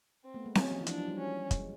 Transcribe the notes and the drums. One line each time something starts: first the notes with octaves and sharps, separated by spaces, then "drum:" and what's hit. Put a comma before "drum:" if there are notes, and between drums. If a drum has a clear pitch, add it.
C4
A3 B3
G#3 A#3
F#3 C#4, drum: snare C4
F3
E3
F3 D4, drum: hi-hat
F#3
G3
C#4
G#3, drum: kick, hi-hat